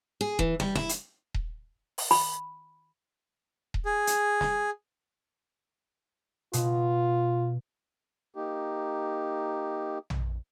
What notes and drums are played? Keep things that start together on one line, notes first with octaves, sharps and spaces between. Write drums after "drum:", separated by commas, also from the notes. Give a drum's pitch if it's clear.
G#4
E3, drum: kick D#1
G3, drum: snare
E4, drum: snare
drum: hi-hat
drum: kick D#1
drum: open hi-hat
B5, drum: open hi-hat
drum: kick D#1
G#4
drum: hi-hat
drum: snare
B2 F4, drum: hi-hat
A#3 D#4 G4
drum: tom A#1